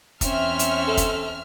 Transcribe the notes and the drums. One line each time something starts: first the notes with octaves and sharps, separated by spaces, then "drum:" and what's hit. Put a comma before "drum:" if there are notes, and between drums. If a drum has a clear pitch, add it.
E2 C4 C#4 E5 F6, drum: kick, hi-hat
drum: hi-hat
A4
drum: kick, hi-hat